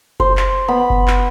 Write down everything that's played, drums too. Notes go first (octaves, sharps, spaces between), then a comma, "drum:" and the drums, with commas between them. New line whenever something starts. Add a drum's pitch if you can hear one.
C5, drum: kick F#1
drum: clap
B3 B5
drum: kick F#1
drum: clap